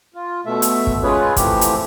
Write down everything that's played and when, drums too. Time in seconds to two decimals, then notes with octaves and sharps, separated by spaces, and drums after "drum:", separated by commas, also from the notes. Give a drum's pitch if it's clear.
0.14 F4
0.46 B2 A3 E5
0.62 drum: hi-hat
0.87 drum: kick
1.03 G#3 C#4 F4 G#4 B4 C#5
1.37 E3 F3 A3 C4 G4, drum: kick, hi-hat
1.61 drum: hi-hat